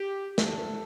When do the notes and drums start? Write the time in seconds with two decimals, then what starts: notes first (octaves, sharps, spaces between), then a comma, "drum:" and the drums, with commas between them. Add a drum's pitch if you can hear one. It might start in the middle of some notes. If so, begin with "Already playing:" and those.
Already playing: G4
0.38 F#2 D3 A3 A4, drum: snare